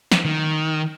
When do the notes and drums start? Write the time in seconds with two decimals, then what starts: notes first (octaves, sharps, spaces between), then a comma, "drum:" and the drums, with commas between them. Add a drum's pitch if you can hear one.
0.12 drum: snare
0.25 D#3